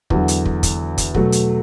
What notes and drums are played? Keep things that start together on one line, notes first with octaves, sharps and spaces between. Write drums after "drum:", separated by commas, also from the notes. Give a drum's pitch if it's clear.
E2 D3 F#3, drum: kick
drum: hi-hat
drum: kick
drum: kick, hi-hat
drum: kick, hi-hat
B2 F#3 A3 F#4, drum: kick
drum: hi-hat